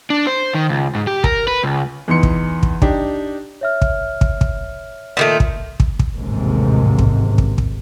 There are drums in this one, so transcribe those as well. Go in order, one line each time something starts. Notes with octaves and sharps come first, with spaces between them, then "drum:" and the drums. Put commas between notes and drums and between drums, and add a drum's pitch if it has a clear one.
D4
C5
D#3
C#2
G#2
G4
A#4, drum: kick
B4
C#2
E2 E3 D#4 C6 C#7
drum: kick
drum: kick
D4 D#4 G4, drum: kick
C#5 E5 F6
drum: kick
drum: kick
drum: kick
A#2 D#3 A3
drum: kick
drum: kick
drum: kick
A1 D#2 G#2 C3
drum: kick
drum: kick
drum: kick